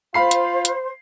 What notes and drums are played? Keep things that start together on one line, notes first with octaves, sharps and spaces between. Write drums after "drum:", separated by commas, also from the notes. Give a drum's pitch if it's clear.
F4 C5 F5 B5 C7
drum: hi-hat
drum: hi-hat